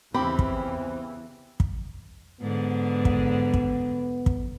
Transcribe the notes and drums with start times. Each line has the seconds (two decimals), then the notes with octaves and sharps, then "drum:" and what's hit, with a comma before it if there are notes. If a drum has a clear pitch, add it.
0.14 E2 C#3 E3 C4 G4 B5
0.39 drum: kick
1.60 drum: kick
2.41 G#2 D3 B3
3.05 drum: kick
3.54 drum: kick
4.26 drum: kick